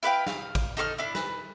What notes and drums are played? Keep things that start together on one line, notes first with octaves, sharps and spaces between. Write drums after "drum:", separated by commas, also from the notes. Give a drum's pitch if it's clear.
E4 B4 F5 G5
F5, drum: snare
drum: kick, cymbal
D#4 A4 C6 F6
D4 E4
B4, drum: snare